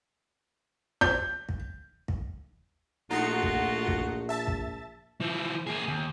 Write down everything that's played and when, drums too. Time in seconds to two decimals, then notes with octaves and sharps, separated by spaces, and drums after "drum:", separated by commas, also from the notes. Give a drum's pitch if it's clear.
1.01 G6, drum: kick
1.49 drum: kick
2.08 drum: kick
3.11 A#1 A3 D#4 F4 F#4 C6 C#7
3.43 drum: kick
3.87 drum: kick
4.29 E5 A5 A6
4.47 drum: kick
5.20 E3 F3
5.67 A#3 G#4
5.88 D#2